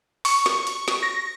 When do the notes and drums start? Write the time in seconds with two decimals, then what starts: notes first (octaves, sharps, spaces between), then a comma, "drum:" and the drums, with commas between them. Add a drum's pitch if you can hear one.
0.25 C#6, drum: open hi-hat
0.46 drum: snare
0.67 drum: hi-hat
0.88 drum: snare
1.03 A#6